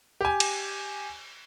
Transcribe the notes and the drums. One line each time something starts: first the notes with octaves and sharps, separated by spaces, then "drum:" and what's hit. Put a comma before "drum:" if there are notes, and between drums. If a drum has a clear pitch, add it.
G4 G#5
drum: cymbal